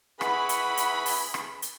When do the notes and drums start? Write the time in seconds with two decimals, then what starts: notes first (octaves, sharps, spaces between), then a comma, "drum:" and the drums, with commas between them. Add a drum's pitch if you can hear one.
0.21 E4 G#4 B4 F#5 B5 C#6, drum: rim click
0.49 drum: hi-hat
0.77 drum: hi-hat
1.06 drum: open hi-hat
1.34 drum: rim click
1.62 drum: hi-hat